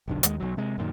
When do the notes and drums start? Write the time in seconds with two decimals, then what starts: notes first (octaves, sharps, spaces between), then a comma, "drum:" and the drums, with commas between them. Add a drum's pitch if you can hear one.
0.08 F1 B1 D3
0.23 D#2 D#3 G#3, drum: hi-hat
0.40 B1 F#3
0.57 C3 G#3
0.78 F#2 A#2 D#3